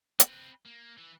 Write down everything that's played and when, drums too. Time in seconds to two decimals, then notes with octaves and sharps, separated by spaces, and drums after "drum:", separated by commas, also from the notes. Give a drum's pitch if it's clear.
0.20 C4 B4, drum: hi-hat
0.66 A#3
0.98 E3